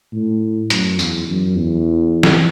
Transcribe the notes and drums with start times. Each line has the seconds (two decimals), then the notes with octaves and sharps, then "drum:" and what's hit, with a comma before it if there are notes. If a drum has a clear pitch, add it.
0.13 A2
0.70 F#2, drum: hi-hat
0.99 E2, drum: tambourine
1.28 F#2
1.56 E2
2.23 drum: snare